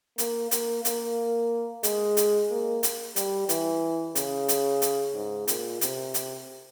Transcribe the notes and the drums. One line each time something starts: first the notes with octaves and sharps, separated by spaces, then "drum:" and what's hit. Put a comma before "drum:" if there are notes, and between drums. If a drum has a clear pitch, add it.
A#3, drum: hi-hat
A#3, drum: hi-hat
A#3, drum: hi-hat
G#3, drum: hi-hat
drum: hi-hat
A#3
drum: hi-hat
G3, drum: hi-hat
E3, drum: hi-hat
C#3, drum: hi-hat
drum: hi-hat
drum: hi-hat
G#2
A#2, drum: hi-hat
C3, drum: hi-hat
drum: hi-hat